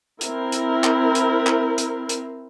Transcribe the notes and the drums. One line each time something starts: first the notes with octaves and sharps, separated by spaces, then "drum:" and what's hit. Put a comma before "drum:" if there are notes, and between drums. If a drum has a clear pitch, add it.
C4 E4 A#4, drum: hi-hat
drum: hi-hat
drum: clap
drum: hi-hat
drum: clap
drum: hi-hat
drum: hi-hat